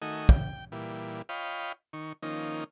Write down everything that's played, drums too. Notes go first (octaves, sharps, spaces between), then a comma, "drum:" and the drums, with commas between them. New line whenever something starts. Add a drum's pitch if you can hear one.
D#3 A3 F#4 D#5 G#5
G5, drum: kick
A#2 E3 G3
F4 C#5 D#5 F5 G5 B5
D#3 C#6
D#3 F3 A#3 C#4 D#4